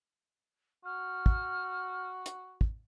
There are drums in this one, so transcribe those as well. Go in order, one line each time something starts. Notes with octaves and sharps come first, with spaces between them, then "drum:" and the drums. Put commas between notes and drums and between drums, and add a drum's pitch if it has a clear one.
F#4 F6
drum: kick
drum: hi-hat
drum: kick